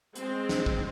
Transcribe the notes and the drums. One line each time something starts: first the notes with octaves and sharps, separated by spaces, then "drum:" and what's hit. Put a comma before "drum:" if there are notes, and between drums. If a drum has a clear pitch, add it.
G#3 C4, drum: hi-hat
drum: snare
drum: kick